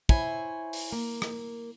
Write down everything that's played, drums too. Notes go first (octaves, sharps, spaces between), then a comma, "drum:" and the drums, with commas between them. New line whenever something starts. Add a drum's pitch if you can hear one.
E4 C5 C#5 G#5, drum: kick
drum: open hi-hat
A#3
drum: rim click